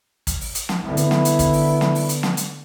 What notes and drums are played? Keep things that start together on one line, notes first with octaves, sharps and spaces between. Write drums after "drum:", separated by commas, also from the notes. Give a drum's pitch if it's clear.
drum: kick, hi-hat
drum: open hi-hat
drum: hi-hat
drum: snare
D3 B3 E4
drum: hi-hat
drum: snare
drum: hi-hat
drum: kick, hi-hat
drum: open hi-hat
drum: snare
drum: open hi-hat
drum: hi-hat
drum: snare
drum: hi-hat